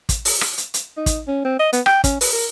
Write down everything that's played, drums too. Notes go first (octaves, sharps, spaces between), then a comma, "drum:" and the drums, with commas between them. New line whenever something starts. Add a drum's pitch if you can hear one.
drum: kick, hi-hat
drum: open hi-hat
drum: rim click
drum: hi-hat
drum: hi-hat
D#4
drum: kick, hi-hat
C#4
C4
D#5
B3, drum: hi-hat
G5, drum: rim click
C#4, drum: kick, hi-hat
B4, drum: open hi-hat
A#4